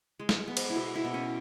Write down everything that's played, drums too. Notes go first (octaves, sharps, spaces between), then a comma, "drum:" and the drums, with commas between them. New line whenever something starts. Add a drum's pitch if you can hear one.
G#3
drum: snare
B3
drum: cymbal
E4
B2 F#4
E4
B2
C#4